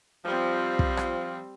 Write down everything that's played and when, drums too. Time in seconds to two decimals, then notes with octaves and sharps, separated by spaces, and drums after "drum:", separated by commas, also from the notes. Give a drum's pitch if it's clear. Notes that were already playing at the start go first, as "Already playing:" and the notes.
0.24 F3 G3 C4
0.79 drum: kick
0.97 drum: rim click